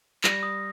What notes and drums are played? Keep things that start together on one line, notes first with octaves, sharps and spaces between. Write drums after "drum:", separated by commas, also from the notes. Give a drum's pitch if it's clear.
G3 A#6, drum: clap
D#6